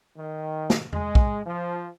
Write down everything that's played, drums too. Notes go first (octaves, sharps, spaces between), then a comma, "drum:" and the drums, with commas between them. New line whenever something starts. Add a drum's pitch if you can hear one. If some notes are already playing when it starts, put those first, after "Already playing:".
D#3
drum: snare
G#3, drum: tom E2
drum: kick
F3